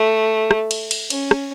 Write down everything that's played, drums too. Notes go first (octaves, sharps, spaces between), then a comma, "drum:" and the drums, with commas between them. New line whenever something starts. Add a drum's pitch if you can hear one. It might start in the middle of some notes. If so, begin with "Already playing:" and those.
Already playing: A3
drum: rim click
drum: cymbal
drum: cymbal
C#4, drum: cymbal
drum: rim click